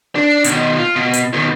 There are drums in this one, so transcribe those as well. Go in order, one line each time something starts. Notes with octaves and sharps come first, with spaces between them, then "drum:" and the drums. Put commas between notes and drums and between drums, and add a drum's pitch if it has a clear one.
D4
B2 D#3, drum: hi-hat
F4
B2
drum: hi-hat
B2 D#3